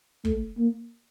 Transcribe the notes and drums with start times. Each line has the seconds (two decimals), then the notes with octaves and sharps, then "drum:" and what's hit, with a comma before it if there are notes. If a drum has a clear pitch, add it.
0.25 A3, drum: kick
0.58 A#3